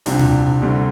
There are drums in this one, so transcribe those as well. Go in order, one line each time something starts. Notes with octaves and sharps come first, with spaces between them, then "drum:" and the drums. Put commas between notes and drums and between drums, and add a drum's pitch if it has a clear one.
C2 C3 F3 D4 G4, drum: open hi-hat
drum: tom A#2
D2 C3 G3